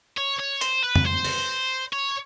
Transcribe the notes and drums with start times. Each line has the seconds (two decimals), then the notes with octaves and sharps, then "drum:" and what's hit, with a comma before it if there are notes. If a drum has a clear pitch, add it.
0.18 C#5
0.40 C#5
0.61 C5, drum: hi-hat
0.84 B4
0.96 drum: tom F2
1.05 C5
1.24 drum: open hi-hat
1.93 C#5